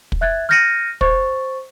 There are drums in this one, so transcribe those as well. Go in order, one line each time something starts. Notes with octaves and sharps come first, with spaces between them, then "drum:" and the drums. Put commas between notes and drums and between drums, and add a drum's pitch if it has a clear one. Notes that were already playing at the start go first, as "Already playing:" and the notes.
drum: kick
E5 F#6 G#6 A6
F6 G6 A6 A#6 C#7 D#7
C5 C#6 A6, drum: kick